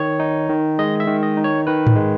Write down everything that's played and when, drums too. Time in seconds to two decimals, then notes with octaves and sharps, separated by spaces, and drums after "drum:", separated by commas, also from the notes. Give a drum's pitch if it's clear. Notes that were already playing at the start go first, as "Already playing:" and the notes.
Already playing: D#3 C#5
0.20 D#4
0.49 D#3
0.79 G#3 D#5
1.00 E5
1.07 D#3
1.23 D#5
1.37 D#4
1.44 C#5
1.67 D#3 B4
1.87 drum: tom G#2
1.96 G#3